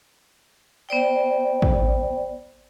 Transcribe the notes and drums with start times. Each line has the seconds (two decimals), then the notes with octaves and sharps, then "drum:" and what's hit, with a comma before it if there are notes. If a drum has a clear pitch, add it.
0.89 B3 C5 D5 G5
1.62 drum: kick